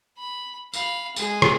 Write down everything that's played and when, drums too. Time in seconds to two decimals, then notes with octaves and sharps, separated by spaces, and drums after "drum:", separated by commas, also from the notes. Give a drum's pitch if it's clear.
0.18 B5
0.73 F5 B5, drum: tambourine
1.16 G#3 G#4, drum: tambourine
1.42 drum: rim click